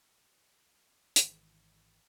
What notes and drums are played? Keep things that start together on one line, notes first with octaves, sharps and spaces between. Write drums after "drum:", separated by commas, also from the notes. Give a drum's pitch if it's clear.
G#1 D#3 E3, drum: hi-hat